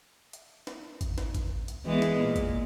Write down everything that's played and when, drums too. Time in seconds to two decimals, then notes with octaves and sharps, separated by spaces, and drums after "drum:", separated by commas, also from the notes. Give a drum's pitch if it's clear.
0.33 drum: hi-hat
0.67 drum: snare
1.01 drum: kick G#1, hi-hat
1.18 drum: snare
1.35 drum: kick G#1, hi-hat
1.68 drum: hi-hat
1.85 E3 G#3 B3
2.02 drum: snare
2.19 A#2
2.36 drum: kick G#1, hi-hat